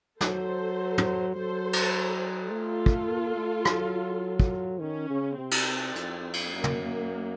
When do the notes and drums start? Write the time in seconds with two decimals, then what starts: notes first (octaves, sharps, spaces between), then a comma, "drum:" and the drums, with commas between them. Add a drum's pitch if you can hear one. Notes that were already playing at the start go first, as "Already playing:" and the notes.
0.21 F#3 A4 C5, drum: snare
0.98 drum: tom
1.35 F#3 A4 C5
1.73 drum: cymbal
2.51 A3 F4 A4
2.86 drum: kick
3.08 A#3
3.37 A3
3.65 F#3, drum: rim click
4.40 drum: kick
4.80 D#3 C#4
5.10 C#3
5.38 C3 C4
5.51 drum: cymbal
5.96 F2, drum: hi-hat
6.33 drum: cymbal
6.53 F#2 A#3
6.64 drum: tom